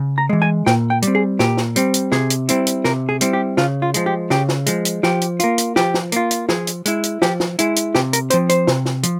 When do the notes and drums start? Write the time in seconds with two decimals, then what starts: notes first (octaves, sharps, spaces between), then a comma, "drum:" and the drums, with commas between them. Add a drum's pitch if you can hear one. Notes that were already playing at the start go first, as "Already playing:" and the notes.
Already playing: C#3
0.18 A#5
0.29 E3 G#3
0.42 G#5
0.66 A#2 G5, drum: snare
0.90 G5
1.02 G3 C4, drum: hi-hat
1.15 G#4
1.39 A#2 G4, drum: snare
1.57 drum: snare
1.76 G3 C4, drum: hi-hat
1.94 drum: hi-hat
2.12 C3 G#4, drum: snare
2.30 drum: hi-hat
2.49 G3 C4 E4, drum: hi-hat
2.67 drum: hi-hat
2.84 C3 A#4, drum: snare
3.09 G#4
3.21 G3 C4 E4, drum: hi-hat
3.33 G4
3.57 C#3 F4, drum: snare
3.82 F4
3.94 F3 G#3, drum: hi-hat
4.06 G4
4.30 C#3 G4, drum: snare
4.49 drum: snare
4.66 F3 G#3, drum: hi-hat
4.85 drum: hi-hat
5.03 F3 G4, drum: snare
5.21 drum: hi-hat
5.40 A#3 F4, drum: hi-hat
5.58 drum: hi-hat
5.76 F3 G4, drum: snare
5.94 drum: snare
6.12 A#3 F4, drum: hi-hat
6.31 drum: hi-hat
6.49 F3 G#4, drum: snare
6.67 drum: hi-hat
6.86 G#3 E4, drum: hi-hat
7.04 drum: hi-hat
7.22 F3 G4, drum: snare
7.40 drum: snare
7.59 G#3 E4, drum: hi-hat
7.76 drum: hi-hat
7.95 C3 G4, drum: snare
8.13 A#4, drum: hi-hat
8.30 F3 C4 C5, drum: hi-hat
8.49 C5, drum: hi-hat
8.67 C3, drum: snare
8.86 drum: snare
9.03 F3, drum: hi-hat